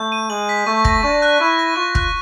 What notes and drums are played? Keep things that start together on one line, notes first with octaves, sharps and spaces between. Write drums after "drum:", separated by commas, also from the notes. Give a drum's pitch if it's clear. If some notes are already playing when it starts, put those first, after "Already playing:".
Already playing: A3 G6
D#7
G#3 F#7
B6
A3 C#6
A#6, drum: kick
D4 C#6
F#6
E4 C#6
A#6
F4 C#6
F#6, drum: kick